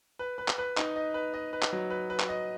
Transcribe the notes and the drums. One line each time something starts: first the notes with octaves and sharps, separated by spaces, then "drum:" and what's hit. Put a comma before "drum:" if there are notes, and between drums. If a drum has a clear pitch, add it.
B4
B4
drum: clap
B4
D#4, drum: clap
D#5
B4
D#5
B4
drum: clap
F#3
B4
B4
drum: clap
D#5